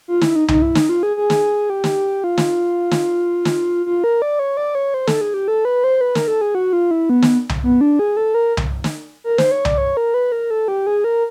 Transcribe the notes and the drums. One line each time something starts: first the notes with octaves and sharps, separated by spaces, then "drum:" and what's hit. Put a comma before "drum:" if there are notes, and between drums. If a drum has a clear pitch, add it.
F4
E4, drum: snare
D#4
D#4, drum: tom C2
E4
D#4, drum: snare
F4
G#4
G#4
drum: snare
G4
drum: snare
F4
drum: snare
drum: snare
drum: snare
F4
A#4
D5
C#5
D5
C#5
C5
A4, drum: snare
G#4
G4
A4
B4
C5
B4
A#4, drum: snare
A4
G#4
F#4
F4
E4
B3
drum: snare
drum: tom C2
B3
D4
G#4
A4
A#4
drum: tom C2
drum: snare
A#4
C5, drum: snare
C#5
D5, drum: tom C2
C#5
A#4
B4
A#4
A4
G4
G#4
A#4